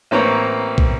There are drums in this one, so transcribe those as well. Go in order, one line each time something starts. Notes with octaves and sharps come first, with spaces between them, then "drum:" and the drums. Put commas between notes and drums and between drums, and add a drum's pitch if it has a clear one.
A1 A#3 C4 B4 C#5 A#5
drum: kick